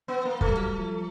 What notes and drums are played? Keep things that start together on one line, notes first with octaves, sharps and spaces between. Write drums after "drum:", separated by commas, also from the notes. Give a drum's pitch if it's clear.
B3
A#3
A3, drum: kick
G3
F#3 A3
F3